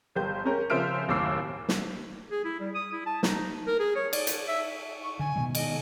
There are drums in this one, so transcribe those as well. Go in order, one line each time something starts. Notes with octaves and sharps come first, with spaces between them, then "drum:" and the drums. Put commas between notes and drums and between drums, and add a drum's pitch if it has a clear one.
G1 G4 C5 G6
G#3 C#4 A#4
C#3 F3 C5 E5 F6 D7
F#1 D#2 A2 D6 E6 C7
drum: snare
G#4
E4
G3
D#6
E4
A5
D#4, drum: snare
A#4
G#4
C#5
D5, drum: cymbal
drum: hi-hat
E5
C#6
D3 G#5
B2 D#3 G#3
D#5, drum: cymbal